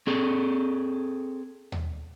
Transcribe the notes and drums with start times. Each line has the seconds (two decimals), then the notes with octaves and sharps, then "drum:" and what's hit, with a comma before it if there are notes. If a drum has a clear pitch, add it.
0.07 C4 G#4 A4
1.72 drum: tom D#2